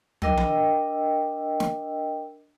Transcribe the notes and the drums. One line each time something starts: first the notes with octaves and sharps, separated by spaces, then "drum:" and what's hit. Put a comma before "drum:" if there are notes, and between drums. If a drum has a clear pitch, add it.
D4 A#4 D#5 G5 E6, drum: tom
drum: tom E3
drum: snare